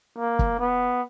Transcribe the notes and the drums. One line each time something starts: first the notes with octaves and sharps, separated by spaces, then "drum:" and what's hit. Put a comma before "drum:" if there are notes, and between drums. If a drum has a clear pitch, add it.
A#3
drum: kick
B3